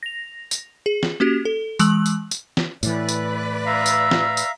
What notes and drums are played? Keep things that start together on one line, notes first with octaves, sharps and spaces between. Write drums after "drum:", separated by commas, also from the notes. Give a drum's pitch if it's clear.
A#6 F7
drum: tambourine
G#4
drum: snare
A#3 C#4 F#4 G4
A4
E3 G#3 E6 F#7, drum: tambourine
drum: tambourine
drum: tambourine
drum: snare
A2 E3 E4 B4 D5, drum: tambourine
drum: tambourine
E5 F5 A#5 E6
drum: tambourine
drum: snare
drum: tambourine